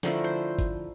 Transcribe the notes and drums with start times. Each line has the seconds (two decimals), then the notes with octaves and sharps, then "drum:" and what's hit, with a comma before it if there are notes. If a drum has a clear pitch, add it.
0.03 D3 F3 A3 E4 A#4, drum: snare
0.24 C5
0.59 drum: kick, hi-hat